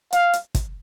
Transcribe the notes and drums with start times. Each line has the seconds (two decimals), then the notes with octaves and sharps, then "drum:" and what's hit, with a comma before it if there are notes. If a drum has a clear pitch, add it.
0.12 F5, drum: hi-hat
0.33 drum: hi-hat
0.55 drum: kick, hi-hat